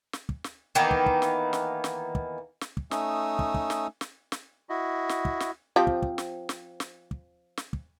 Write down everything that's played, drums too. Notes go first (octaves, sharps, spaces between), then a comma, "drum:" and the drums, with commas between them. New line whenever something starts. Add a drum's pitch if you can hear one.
drum: snare
drum: kick
drum: snare
D#3 E3 A#3 B3
drum: kick
drum: kick
drum: snare
drum: snare
drum: snare
drum: kick
drum: snare
drum: kick
A3 C#4 D#4 D#6 E6, drum: snare
drum: kick
drum: kick
drum: snare
drum: snare
drum: snare
E4 F#4 D#5
drum: snare
drum: kick
drum: snare
F3 C4 G4
drum: kick
drum: kick
drum: snare
drum: snare
drum: snare
drum: kick
drum: snare
drum: kick